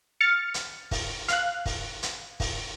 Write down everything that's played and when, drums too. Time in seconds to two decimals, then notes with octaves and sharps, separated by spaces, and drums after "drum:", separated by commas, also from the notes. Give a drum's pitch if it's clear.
0.21 F6 A6 C#7
0.54 drum: hi-hat
0.91 drum: kick, open hi-hat
1.28 F5 F#6, drum: hi-hat
1.66 drum: kick, open hi-hat
2.03 drum: hi-hat
2.40 drum: kick, open hi-hat